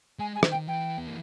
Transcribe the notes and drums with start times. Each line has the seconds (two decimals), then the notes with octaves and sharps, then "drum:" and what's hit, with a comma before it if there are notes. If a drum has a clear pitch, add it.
0.19 G#3 G#5
0.35 G#5
0.43 D#3, drum: rim click
0.51 G5
0.55 D#3
0.67 E3 G5
0.98 B3
1.07 A#3